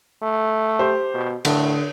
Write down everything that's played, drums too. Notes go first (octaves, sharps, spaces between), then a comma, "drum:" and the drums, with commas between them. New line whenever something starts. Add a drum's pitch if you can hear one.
A3
G4 C5
B2
A2 D3, drum: cymbal